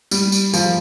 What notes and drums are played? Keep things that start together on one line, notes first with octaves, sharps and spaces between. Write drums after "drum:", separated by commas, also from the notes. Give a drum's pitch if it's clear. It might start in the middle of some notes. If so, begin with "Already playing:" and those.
G3, drum: tambourine
drum: tambourine
F3, drum: tambourine